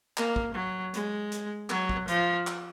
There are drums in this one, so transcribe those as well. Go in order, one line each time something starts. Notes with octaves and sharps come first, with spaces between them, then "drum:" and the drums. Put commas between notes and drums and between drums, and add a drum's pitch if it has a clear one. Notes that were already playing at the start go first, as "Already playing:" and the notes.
A#3, drum: clap
drum: kick
F#3
G#3, drum: hi-hat
drum: hi-hat
F#3, drum: clap
drum: kick
F3, drum: hi-hat
drum: clap